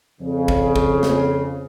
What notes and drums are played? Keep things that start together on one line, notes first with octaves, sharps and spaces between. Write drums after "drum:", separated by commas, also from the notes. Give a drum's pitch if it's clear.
F2 C#3
drum: kick
drum: kick
drum: snare